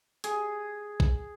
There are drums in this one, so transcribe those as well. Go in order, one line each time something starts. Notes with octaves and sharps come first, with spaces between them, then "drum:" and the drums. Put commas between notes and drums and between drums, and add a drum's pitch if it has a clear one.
G#4, drum: hi-hat
drum: kick A#1